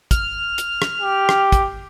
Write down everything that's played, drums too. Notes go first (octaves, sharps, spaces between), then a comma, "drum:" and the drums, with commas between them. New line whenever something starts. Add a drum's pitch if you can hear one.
F6, drum: kick, hi-hat
drum: hi-hat
drum: rim click
G4
drum: rim click
drum: kick, hi-hat